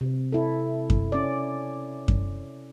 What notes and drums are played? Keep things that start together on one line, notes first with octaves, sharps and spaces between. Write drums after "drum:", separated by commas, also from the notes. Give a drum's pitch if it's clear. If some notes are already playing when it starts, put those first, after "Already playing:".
C3
E4 A4
drum: kick F#2
C#4 D5
drum: kick F#2